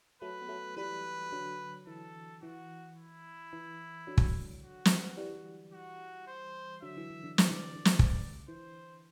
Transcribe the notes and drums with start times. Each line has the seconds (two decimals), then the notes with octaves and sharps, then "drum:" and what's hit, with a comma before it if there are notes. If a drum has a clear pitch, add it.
0.22 F#3 A3 B4
0.42 B3
0.49 F#3 A3
0.76 E3 G3 B4
1.32 D3 F#3
1.87 E3 A4
2.42 E3 F#4
2.97 E4
3.53 E3
4.07 D3 F#3
4.18 drum: kick
4.62 F#4
4.85 drum: snare
5.17 E3 G3
5.73 F#4
6.27 C5
6.82 D3 F#3 E5
6.97 E3
7.10 E3
7.24 D3
7.38 E3 D5, drum: snare
7.51 D3
7.76 D3
7.85 drum: snare
7.99 drum: kick
8.48 E3 C5